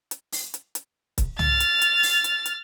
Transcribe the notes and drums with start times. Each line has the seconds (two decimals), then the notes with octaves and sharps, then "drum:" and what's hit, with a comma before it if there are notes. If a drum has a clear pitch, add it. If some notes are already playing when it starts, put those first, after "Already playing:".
0.11 drum: hi-hat
0.32 drum: open hi-hat
0.54 drum: hi-hat
0.75 drum: hi-hat
1.18 drum: kick C#1, hi-hat
1.39 F6 A6, drum: tom
1.60 drum: hi-hat
1.82 drum: hi-hat
2.03 drum: open hi-hat
2.24 drum: hi-hat
2.46 drum: hi-hat